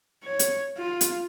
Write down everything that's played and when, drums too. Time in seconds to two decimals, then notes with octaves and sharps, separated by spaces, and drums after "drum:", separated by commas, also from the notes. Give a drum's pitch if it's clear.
0.24 C#5
0.39 drum: hi-hat
0.78 F4
1.01 drum: hi-hat